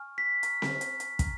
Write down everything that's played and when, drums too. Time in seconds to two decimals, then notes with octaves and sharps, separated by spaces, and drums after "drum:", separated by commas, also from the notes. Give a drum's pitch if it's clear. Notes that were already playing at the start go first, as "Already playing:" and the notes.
Already playing: G#5 C#6 F6
0.18 B6
0.43 A#5 C#6 F6, drum: hi-hat
0.62 drum: snare C4
0.81 drum: hi-hat
1.00 drum: hi-hat
1.19 A#5 F6, drum: kick, hi-hat